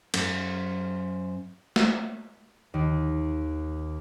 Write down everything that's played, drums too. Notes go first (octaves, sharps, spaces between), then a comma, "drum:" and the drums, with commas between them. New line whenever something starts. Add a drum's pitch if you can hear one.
F#2 C5, drum: cymbal
drum: snare A3
D#2